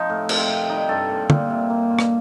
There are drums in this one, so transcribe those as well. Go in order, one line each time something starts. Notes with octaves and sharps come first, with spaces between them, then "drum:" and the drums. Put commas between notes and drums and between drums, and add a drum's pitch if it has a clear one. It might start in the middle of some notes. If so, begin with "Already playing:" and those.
Already playing: C3 F3 D#4
A2
C3, drum: cymbal
C3
G3 D#4
G2 A4
A#2
A#2, drum: tom
C3
A#3
G2
drum: rim click